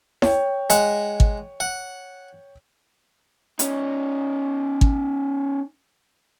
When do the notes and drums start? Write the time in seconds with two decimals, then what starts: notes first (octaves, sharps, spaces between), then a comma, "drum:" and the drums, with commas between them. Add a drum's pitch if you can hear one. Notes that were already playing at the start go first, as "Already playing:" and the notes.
0.22 C#5 G5, drum: snare E4
0.70 G#3 F#5, drum: hi-hat
1.20 drum: kick
1.60 F#5
3.59 C#4 D#4, drum: hi-hat
4.81 drum: kick